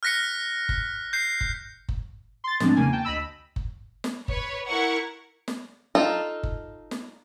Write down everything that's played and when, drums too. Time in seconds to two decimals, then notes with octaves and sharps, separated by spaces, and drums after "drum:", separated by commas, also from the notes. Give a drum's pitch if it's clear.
0.03 F6 F#6 A#6 B6 C#7
0.69 drum: kick F#1
1.13 G6 C7
1.41 drum: kick F#1
1.89 drum: kick F#1
2.44 C6 A6
2.60 A2 F3 G#3 C4 D4, drum: snare
2.76 E2 C#3 A#3 G#5
2.93 G5 A5
3.05 D2 D#5 B5 E6
3.56 drum: kick F#1
4.04 drum: snare
4.28 B4 C#5, drum: kick F#1
4.68 E4 A#4 F#5 C#6
5.48 drum: snare
5.95 D#4 F4 A4
6.43 drum: kick F#1
6.91 drum: snare